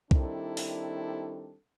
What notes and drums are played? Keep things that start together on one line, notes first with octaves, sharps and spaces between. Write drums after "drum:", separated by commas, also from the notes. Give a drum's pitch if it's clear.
D#3 G3 C4 D4 E4 A4, drum: kick
drum: open hi-hat